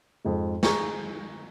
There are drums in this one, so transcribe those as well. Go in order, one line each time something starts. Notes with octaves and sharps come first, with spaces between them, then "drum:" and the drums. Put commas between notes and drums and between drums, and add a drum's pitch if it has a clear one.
F2 G#2 G#3
G#4 A#5 C#6, drum: snare